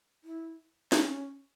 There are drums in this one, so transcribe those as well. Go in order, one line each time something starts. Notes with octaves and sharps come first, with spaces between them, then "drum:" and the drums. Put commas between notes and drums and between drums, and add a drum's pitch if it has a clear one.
E4
C#4, drum: snare